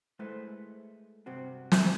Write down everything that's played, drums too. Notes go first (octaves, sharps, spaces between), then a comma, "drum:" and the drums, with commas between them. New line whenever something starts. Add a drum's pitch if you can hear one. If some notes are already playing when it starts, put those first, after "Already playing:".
G#3 A3 E4 B4 C5
G2 C3 C4 F#4
drum: snare